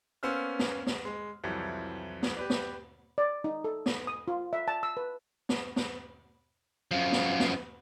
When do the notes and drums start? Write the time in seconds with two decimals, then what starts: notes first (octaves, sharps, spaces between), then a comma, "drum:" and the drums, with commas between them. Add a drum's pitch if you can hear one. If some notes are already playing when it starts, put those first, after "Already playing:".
0.23 A#3 B3 C#4 C5 E6 F6
0.59 drum: snare
0.87 drum: snare
1.05 G#3
1.44 C2 F2 E3 F#3 G3
2.23 drum: snare
2.37 G4 B4 D5
2.50 drum: snare
3.18 D5
3.44 D#4
3.64 A4
3.86 drum: snare
4.07 D#6
4.28 F4
4.53 E5
4.68 A5
4.83 E6
4.97 B4
5.49 drum: snare
5.76 drum: snare
6.91 F#2 F3 F5
7.12 drum: snare
7.40 drum: snare